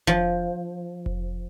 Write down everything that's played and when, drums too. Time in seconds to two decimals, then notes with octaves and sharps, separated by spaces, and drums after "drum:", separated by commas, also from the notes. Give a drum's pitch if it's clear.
0.07 F3, drum: kick F1
1.06 drum: kick F1